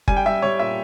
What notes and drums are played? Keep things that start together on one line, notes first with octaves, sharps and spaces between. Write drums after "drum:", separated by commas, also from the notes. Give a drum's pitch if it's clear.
G3 G#5, drum: kick F#1
G5
G3 E5
G3 C#5
A#2 E5